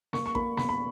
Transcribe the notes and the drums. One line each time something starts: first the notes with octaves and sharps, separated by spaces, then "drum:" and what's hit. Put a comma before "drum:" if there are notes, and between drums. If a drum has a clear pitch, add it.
A#3 C#6, drum: snare
C#6
A#3 B5, drum: kick A1
B2 B5, drum: snare
B5